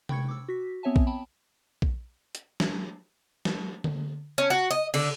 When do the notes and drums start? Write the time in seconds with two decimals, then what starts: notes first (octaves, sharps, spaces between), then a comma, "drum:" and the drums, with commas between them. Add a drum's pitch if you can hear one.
0.09 G5 B5 C#6 G#6 C#7, drum: tom C3
0.28 D6 E6
0.48 F#4 B6
0.83 B3 C4 C#5 E5 G#5 A5
0.96 drum: kick A#1
1.07 G5 A5 B5
1.82 drum: kick A#1
2.35 drum: hi-hat
2.60 drum: snare
3.45 drum: snare
3.84 drum: tom D3
4.38 C#4
4.50 F#4
4.71 D#5
4.94 D3, drum: cymbal